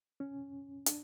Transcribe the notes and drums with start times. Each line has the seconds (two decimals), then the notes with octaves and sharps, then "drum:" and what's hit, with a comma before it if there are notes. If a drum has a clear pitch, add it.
0.20 C#4
0.86 D4, drum: hi-hat